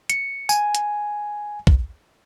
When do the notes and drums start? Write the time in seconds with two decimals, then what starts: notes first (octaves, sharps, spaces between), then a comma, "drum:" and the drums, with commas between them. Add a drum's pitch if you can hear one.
0.10 C#7, drum: hi-hat
0.49 G#5, drum: tambourine
0.75 drum: hi-hat
1.67 drum: kick